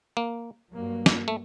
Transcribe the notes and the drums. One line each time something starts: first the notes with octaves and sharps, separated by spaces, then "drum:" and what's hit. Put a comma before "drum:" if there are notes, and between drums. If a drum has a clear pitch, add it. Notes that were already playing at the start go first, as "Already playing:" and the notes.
A#3
G2 F#3 A#3
drum: snare
A3